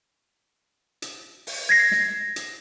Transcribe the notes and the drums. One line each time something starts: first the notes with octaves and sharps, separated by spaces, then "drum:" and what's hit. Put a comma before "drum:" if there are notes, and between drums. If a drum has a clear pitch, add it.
drum: hi-hat
drum: open hi-hat
G#6 A#6 C7
drum: snare
drum: hi-hat